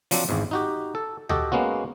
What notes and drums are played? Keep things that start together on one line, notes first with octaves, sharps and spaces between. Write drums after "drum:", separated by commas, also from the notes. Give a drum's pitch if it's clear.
F3 F#3 C4 D4, drum: open hi-hat
G#1 E2 G#2
D#4 F#4 G4
A4
F#4 G4 A4 D#5 G5, drum: tom D2
G#3 A#3 B3 C#4 F#4